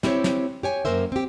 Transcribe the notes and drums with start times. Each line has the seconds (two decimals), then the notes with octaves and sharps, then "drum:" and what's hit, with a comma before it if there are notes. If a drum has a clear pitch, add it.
0.03 C4 E4 G4 C5 C#5, drum: snare
0.24 drum: snare
0.63 G4 C#5 G#5
0.85 F#2 B2 A#3 A#4 C5 E5
1.12 C4 G4